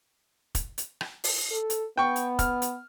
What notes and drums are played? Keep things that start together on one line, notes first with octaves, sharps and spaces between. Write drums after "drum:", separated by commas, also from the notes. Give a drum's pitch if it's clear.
drum: kick, hi-hat
drum: hi-hat
drum: rim click
drum: open hi-hat
A4
drum: hi-hat
B3 G5 C#6
drum: hi-hat
F6, drum: kick, hi-hat
drum: hi-hat